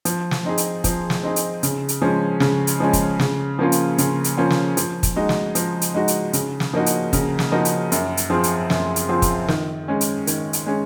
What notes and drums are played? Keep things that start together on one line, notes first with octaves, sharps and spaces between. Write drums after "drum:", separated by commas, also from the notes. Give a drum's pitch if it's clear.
F3, drum: hi-hat
drum: snare
C4 D#4 G#4
drum: hi-hat
F3, drum: kick, hi-hat
drum: snare
C4 D#4 G#4
drum: hi-hat
C#3, drum: hi-hat
drum: hi-hat
F3 G#3 C#4
C#3, drum: snare
drum: hi-hat
F3 G#3 C#4
drum: kick, hi-hat
C#3, drum: snare
F3 A#3 C#4 F4
drum: hi-hat
C#3, drum: hi-hat
drum: hi-hat
F3 A#3 C#4 F4
drum: snare
F3, drum: hi-hat
drum: kick, hi-hat
G#3 D#4 F#4
drum: snare
F3, drum: hi-hat
drum: hi-hat
G#3 D#4 F#4
drum: hi-hat
C#3, drum: hi-hat
drum: snare
F3 A#3 D#4 F#4
drum: hi-hat
C#3, drum: kick, hi-hat
drum: snare
F3 A#3 D#4 F#4
drum: hi-hat
F#2, drum: hi-hat
drum: hi-hat
F3 C4 F4 G#4
drum: hi-hat
F#2, drum: snare
drum: hi-hat
F3 C4 F4 G#4
drum: kick, hi-hat
D#3, drum: snare
G#3 C#4
drum: hi-hat
D#3, drum: hi-hat
drum: hi-hat
G#3 C#4